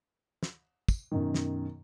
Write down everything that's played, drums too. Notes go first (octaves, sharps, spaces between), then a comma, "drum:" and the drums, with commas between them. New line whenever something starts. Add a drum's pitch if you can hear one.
drum: snare
drum: kick, tambourine
F#2 B2 D#3
drum: snare